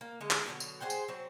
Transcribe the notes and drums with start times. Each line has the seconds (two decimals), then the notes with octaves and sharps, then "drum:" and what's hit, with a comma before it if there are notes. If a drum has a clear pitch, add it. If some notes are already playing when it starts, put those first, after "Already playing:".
0.01 A#3
0.21 D3 G#3
0.31 drum: clap
0.46 B2 D3 F3 F#3
0.60 drum: tambourine
0.80 G#4 C5 F#5 G5
0.90 drum: tambourine
1.08 F#3 C4